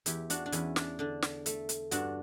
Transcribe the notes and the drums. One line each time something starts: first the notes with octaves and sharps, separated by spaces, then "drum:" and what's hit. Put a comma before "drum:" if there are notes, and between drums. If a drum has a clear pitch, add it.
E2 E4 G4, drum: hi-hat
D4 F#4, drum: hi-hat
D4
E2 C#4 E4, drum: hi-hat
D4, drum: snare
D3 D4
drum: snare
A3, drum: hi-hat
drum: hi-hat
G2 D4 F#4, drum: hi-hat